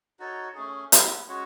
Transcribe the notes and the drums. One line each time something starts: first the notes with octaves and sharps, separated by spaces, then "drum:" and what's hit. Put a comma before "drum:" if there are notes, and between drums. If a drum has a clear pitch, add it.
D#4 F#4 A4 C#5
A3 C#4 G#4
G#3 B3 E4, drum: hi-hat
G#3 C#4 F#4 C#5